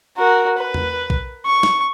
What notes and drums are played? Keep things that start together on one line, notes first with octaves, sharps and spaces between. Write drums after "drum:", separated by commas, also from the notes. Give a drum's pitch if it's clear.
F#4 A#4
B4
drum: tom E2
drum: kick
C#6
drum: snare